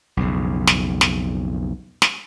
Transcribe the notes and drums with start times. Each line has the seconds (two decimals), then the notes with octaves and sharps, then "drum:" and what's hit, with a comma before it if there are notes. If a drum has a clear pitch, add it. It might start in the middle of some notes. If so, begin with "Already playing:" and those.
0.17 B1 F2 C#3
0.67 drum: snare
1.01 drum: snare
2.02 drum: snare